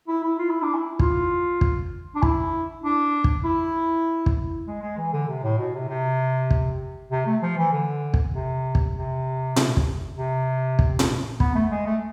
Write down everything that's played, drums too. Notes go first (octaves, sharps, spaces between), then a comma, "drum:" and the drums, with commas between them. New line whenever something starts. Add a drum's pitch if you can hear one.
E4
E4
F4
E4
D4
E4
F4, drum: kick
drum: kick
D4
E4, drum: kick
D4
drum: kick
E4
drum: kick
G#3
G#3
E3
D3
C3
A2
B2
C3
C3
drum: kick
C3
A3
F3
E3
D3
drum: kick
C3
drum: kick
C3
drum: tom A#2
drum: kick
C3
drum: kick
drum: tom A#2
B3, drum: kick
A3
G#3
A3